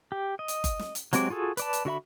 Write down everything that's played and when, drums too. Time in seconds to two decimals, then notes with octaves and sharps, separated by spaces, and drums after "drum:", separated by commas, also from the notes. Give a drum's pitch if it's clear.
0.12 G4
0.39 D#5
0.48 drum: hi-hat
0.64 drum: kick F#1, hi-hat
0.79 drum: snare
0.95 drum: hi-hat
1.13 F#3 G#3 C4 G4 D6, drum: hi-hat
1.30 F4 F#4 G#4 A4
1.57 B4 D5 A5, drum: hi-hat
1.73 drum: hi-hat
1.85 D3 F#4 E5 B5